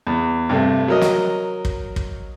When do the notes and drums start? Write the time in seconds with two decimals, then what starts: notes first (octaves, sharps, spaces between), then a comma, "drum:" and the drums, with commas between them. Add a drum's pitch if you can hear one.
0.07 E2
0.49 G2 C3 A3
0.88 F#3 A#4 D#5
1.01 drum: snare
1.65 drum: kick
1.96 drum: kick